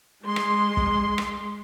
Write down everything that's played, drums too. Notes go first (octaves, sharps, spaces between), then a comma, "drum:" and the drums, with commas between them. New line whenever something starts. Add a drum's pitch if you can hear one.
G#3 C6
drum: rim click
drum: kick
drum: rim click